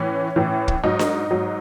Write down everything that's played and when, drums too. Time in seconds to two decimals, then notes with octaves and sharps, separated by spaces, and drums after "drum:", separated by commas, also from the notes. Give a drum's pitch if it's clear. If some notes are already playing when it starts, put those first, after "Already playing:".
Already playing: A2 E3 C#4
0.36 A2 E3
0.68 drum: kick
0.83 G#2 F#3 D#4
0.99 drum: snare D4
1.31 G#2 F#3